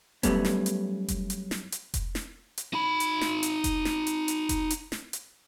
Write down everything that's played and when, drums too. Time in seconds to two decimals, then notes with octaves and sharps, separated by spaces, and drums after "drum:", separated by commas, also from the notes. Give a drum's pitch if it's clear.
0.23 F#2 G3 A3 B3 C#4, drum: kick F1, hi-hat
0.45 drum: snare
0.66 drum: hi-hat
1.08 drum: kick F1, hi-hat
1.30 drum: hi-hat
1.51 drum: snare
1.72 drum: hi-hat
1.94 drum: kick F1, hi-hat
2.15 drum: snare
2.58 drum: hi-hat
2.74 D#4 B5
3.00 drum: hi-hat
3.21 drum: snare
3.43 drum: hi-hat
3.64 drum: kick F1, hi-hat
3.85 drum: snare
4.07 drum: hi-hat
4.28 drum: hi-hat
4.49 drum: kick F1, hi-hat
4.70 drum: hi-hat
4.92 drum: snare
5.13 drum: hi-hat